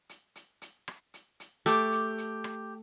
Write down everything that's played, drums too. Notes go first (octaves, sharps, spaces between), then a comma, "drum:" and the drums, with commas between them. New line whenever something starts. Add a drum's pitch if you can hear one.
drum: hi-hat
drum: hi-hat
drum: hi-hat
drum: rim click
drum: hi-hat
drum: hi-hat
A3 G4 D6, drum: hi-hat
drum: hi-hat
drum: hi-hat
drum: rim click